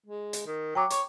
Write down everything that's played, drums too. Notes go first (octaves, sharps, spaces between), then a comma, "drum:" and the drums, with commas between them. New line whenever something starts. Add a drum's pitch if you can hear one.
G#3
drum: hi-hat
D#3
F#3 G5 A#5 D6
C#5, drum: hi-hat